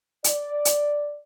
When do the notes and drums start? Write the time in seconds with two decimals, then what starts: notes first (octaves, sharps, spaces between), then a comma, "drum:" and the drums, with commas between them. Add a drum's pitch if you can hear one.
0.24 D5, drum: hi-hat
0.65 drum: hi-hat